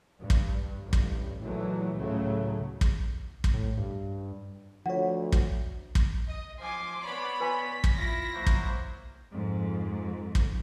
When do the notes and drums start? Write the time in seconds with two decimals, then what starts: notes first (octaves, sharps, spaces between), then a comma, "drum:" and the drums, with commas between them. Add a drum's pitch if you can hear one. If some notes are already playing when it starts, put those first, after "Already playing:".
0.21 G2
0.30 drum: kick
0.83 A1 G2
0.93 drum: kick
1.41 A#2 E3 F#3 G#3 A3
1.97 C#2 A2 C#3 F#3 A3
2.81 drum: kick
3.44 drum: kick
3.54 A2
3.77 G2
4.86 D2 F3 C#5 F#5
5.32 drum: kick
5.95 drum: kick
6.25 D#5
6.60 F3 G#5 C6 D6
7.03 B3 C#5 D5 B5
7.40 B4 G#5 C6 B6
7.84 drum: kick
7.97 E4 F4 A#6
8.34 F#3 A#3 C5
8.46 drum: kick
9.32 F2 G#2
10.35 drum: kick